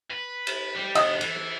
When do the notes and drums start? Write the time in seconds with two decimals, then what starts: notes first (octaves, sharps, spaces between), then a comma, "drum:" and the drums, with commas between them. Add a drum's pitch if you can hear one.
0.11 B4
0.47 drum: cymbal
0.75 G3 G4
0.95 D2 B3 D#5, drum: cymbal
1.21 E3, drum: cymbal